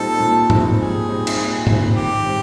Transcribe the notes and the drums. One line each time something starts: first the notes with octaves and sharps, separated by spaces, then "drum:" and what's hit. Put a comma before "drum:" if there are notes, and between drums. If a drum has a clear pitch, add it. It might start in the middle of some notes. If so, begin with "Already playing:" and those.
Already playing: A#2 G3 C4 D#4 A4
A#2
G3 C4 D#4, drum: tom G#2
A#2 G#4
G3 C4 D#4
drum: cymbal
A#2
G3 C4 D#4, drum: tom G#2
D#3 G4
G3 C4